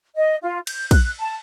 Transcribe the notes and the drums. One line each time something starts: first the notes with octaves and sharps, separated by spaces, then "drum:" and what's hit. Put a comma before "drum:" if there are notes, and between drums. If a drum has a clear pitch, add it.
D#5
F4
G6, drum: cymbal
F#6, drum: kick, cymbal
A5